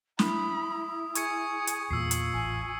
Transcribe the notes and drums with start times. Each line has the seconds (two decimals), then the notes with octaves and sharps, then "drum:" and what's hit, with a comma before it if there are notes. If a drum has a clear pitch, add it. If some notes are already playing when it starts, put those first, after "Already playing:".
0.19 E4 B5 D#6, drum: snare
1.15 G#4 C#6 G#6 C#7, drum: hi-hat
1.67 drum: hi-hat
1.91 E2 A#2 F4 E6 C7
2.11 drum: hi-hat
2.34 A1 G#5